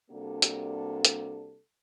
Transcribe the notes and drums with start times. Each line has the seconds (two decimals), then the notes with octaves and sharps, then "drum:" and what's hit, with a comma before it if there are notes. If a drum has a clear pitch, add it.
0.11 C3 G3 A#3 D4 F#4 A4
0.42 drum: hi-hat
1.05 drum: hi-hat